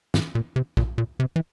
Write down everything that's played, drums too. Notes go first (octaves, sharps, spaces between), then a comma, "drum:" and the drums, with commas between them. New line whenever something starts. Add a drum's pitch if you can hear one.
G#2, drum: snare
A#2
C3
A#2, drum: kick
A#2
C3
E3